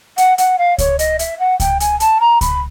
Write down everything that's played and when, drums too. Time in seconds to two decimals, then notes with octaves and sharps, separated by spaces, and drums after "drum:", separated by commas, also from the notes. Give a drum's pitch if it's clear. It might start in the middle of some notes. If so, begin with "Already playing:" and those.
0.18 F#5, drum: hi-hat
0.38 F#5, drum: hi-hat
0.59 F5
0.78 C#5, drum: kick C#2, hi-hat
0.99 D#5, drum: hi-hat
1.19 E5, drum: hi-hat
1.39 F#5
1.60 G5, drum: kick C#2, hi-hat
1.80 G#5, drum: hi-hat
2.00 A5, drum: hi-hat
2.20 A#5
2.41 B5, drum: kick C#2, hi-hat